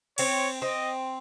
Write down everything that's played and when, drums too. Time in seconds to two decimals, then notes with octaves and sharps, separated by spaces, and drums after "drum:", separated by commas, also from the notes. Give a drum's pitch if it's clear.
0.18 C4 C#5, drum: cymbal
0.62 C4 D#5